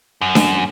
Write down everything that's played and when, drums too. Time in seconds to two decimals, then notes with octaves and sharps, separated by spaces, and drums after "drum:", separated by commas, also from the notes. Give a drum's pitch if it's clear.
0.21 F#2
0.35 drum: snare D4